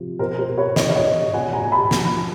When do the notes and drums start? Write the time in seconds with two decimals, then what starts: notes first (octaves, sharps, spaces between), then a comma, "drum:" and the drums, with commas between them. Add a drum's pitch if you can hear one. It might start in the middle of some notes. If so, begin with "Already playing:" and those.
Already playing: C3 F3
0.19 B2 A#4 C5
0.39 A#4 C5
0.48 B2
0.58 B4 C#5
0.76 B2 C#5 D#5, drum: snare
0.89 D5
0.96 C#5 D#5
1.05 B2
1.33 B2 F#5 G#5
1.53 G#5 A#5
1.62 B2
1.72 A5 B5
1.91 F3, drum: snare